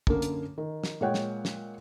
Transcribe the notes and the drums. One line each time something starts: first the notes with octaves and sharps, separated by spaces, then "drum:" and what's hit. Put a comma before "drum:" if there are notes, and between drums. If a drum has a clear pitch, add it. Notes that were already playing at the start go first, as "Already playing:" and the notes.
F#2 D3 A#3, drum: kick
drum: hi-hat
D#3
drum: snare
A#2 G#3 C#5 F#5 G5
drum: snare
drum: snare